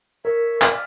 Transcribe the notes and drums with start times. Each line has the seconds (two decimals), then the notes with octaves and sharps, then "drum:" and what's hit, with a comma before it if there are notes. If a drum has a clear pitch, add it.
0.25 A#4 C#5 E5
0.61 D5 E5 F5 G#5 F6, drum: clap